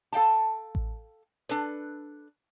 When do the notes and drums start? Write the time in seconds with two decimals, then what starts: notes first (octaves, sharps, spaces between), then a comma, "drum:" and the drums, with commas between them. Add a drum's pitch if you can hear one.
0.13 A4 F5 G5 A5
0.75 drum: kick A1
1.49 D4 A4 B4, drum: hi-hat